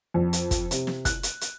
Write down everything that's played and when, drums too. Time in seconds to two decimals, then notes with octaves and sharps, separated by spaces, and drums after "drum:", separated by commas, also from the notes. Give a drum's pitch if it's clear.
0.14 F2
0.33 drum: hi-hat
0.51 drum: kick, hi-hat
0.71 C3, drum: hi-hat
0.87 drum: snare
1.05 F#6, drum: kick, hi-hat
1.23 drum: hi-hat
1.41 drum: hi-hat